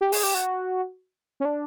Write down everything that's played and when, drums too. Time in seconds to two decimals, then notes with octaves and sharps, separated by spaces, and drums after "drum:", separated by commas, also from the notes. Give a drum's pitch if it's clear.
0.01 G4
0.12 G#4, drum: open hi-hat
0.23 G4
0.35 F#4
1.40 C#4
1.45 D4